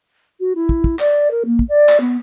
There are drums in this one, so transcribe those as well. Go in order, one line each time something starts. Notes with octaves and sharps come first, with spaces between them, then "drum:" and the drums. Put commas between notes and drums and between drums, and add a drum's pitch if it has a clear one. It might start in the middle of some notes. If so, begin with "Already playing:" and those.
F#4
E4
drum: kick
drum: kick
D5, drum: clap
A#4
A#3
drum: kick
D5
drum: clap
B3